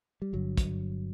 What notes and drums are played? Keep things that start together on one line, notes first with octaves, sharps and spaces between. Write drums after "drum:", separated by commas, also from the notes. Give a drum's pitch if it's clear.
G3
G1 G2 D3 F#3
drum: kick, hi-hat